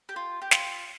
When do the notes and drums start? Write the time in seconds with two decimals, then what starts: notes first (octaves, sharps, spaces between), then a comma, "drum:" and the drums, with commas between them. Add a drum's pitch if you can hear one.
0.09 G4
0.16 F4
0.42 G4
0.51 F4, drum: snare